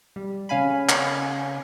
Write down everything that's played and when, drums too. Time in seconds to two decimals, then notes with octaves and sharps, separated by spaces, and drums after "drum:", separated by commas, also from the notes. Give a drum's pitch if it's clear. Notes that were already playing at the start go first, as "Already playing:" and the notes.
0.16 G3
0.49 C#3 C#4 F5 G#5 B5
0.89 drum: clap